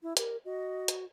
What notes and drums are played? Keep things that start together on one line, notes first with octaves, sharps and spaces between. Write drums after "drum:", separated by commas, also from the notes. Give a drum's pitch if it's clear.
E4
G4 A#4, drum: hi-hat
F#4 D#5
drum: hi-hat